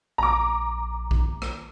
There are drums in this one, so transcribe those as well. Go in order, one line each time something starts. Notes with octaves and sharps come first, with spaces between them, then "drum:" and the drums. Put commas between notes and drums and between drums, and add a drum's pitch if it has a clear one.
A#1 A#5 D6
drum: kick A#1
drum: rim click